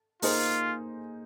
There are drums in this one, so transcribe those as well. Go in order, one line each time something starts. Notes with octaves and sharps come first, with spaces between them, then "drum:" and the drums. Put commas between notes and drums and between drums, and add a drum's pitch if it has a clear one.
A#3 D#4 F4 G#4 C5, drum: open hi-hat